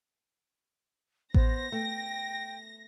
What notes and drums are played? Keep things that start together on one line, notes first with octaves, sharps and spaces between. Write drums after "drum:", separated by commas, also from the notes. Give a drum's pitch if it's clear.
B3 C5 A#6, drum: kick A1
A3 G5